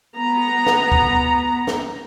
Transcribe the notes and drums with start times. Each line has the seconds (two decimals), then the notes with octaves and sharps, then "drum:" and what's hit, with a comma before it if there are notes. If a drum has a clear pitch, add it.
0.16 B3 A#5
0.66 drum: snare
0.92 drum: kick
1.67 drum: snare